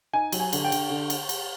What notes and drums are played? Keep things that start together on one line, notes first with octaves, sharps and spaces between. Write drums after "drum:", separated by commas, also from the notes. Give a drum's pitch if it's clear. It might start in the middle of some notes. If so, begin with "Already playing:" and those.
D#4 G#5
F#3, drum: cymbal
G#5
D3, drum: cymbal
G5
D3, drum: cymbal
D3
drum: cymbal
drum: cymbal